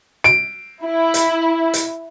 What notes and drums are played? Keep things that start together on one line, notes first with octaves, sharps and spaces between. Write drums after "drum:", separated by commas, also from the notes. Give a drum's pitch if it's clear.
D7
E4
drum: hi-hat
drum: hi-hat